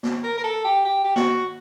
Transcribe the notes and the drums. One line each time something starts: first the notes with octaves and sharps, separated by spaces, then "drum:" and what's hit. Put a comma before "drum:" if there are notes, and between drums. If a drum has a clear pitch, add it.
drum: snare
A#4
A#4
A4
G4
G4
G4
F#4, drum: snare